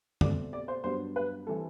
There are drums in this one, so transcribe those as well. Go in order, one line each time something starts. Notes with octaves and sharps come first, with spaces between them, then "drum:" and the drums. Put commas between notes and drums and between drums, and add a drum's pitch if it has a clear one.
B2 A3 C4 D5, drum: tom
D5
C5
G2 F#3 B3 D4 C5
B4
E3 G3 C4 A4